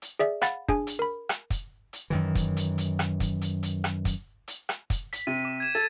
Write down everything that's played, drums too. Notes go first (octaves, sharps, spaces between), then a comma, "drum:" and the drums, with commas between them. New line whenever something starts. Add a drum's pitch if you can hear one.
drum: hi-hat
G#4 D5 E5
F5 F#5 B5 A6, drum: rim click
D4 G#4 G#5, drum: kick
drum: hi-hat
A#4 B5
drum: rim click
drum: kick, hi-hat
drum: hi-hat
F#2 D#3 E3
drum: kick, hi-hat
drum: hi-hat
drum: hi-hat
drum: rim click
drum: kick, hi-hat
drum: hi-hat
drum: hi-hat
drum: rim click
drum: kick, hi-hat
drum: hi-hat
drum: rim click
drum: kick, hi-hat
B6, drum: hi-hat
C3 D#7
D6
G#6 E7
A4 A6